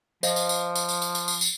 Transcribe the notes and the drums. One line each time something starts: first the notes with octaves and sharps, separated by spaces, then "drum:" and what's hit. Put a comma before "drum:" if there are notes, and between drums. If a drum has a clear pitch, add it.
F3 C5 D#5 F5, drum: tambourine
drum: tambourine
drum: tambourine
drum: tambourine
drum: tambourine
drum: tambourine
drum: tambourine
drum: tambourine
drum: tambourine